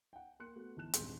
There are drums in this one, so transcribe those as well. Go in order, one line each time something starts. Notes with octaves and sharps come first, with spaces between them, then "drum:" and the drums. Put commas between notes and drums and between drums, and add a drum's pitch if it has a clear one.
F#5 G5
A#3 C6 F#6 C#7
A3 B3 F#4
G1 E3 A5 F#6 E7
D#1 G#1 G2 G#3 C6 G6, drum: hi-hat